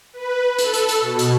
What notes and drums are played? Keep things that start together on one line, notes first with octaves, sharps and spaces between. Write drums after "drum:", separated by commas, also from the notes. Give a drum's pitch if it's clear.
B4
A4, drum: hi-hat
drum: hi-hat
drum: hi-hat
B2
drum: hi-hat